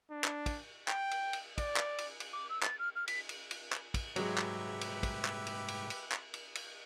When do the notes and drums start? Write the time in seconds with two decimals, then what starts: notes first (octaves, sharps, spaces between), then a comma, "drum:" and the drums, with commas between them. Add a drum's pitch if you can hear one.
0.11 D4
0.24 drum: clap
0.46 drum: kick, cymbal
0.88 G5, drum: clap
1.11 drum: cymbal
1.33 drum: cymbal
1.58 D5, drum: kick, cymbal
1.77 drum: clap
1.98 drum: cymbal
2.20 drum: cymbal
2.33 D6
2.50 E6
2.63 A6, drum: clap
2.79 F6
2.96 F6
3.08 B6, drum: cymbal
3.29 drum: cymbal
3.51 drum: cymbal
3.72 drum: clap
3.94 drum: kick, cymbal
4.16 C2 G#2 F#3 G#3 G4 B4 E5, drum: cymbal
4.38 drum: clap
4.81 drum: cymbal
5.03 drum: kick, cymbal
5.25 drum: clap
5.47 drum: cymbal
5.68 drum: cymbal
5.90 drum: cymbal
6.12 drum: clap
6.34 drum: cymbal
6.55 drum: cymbal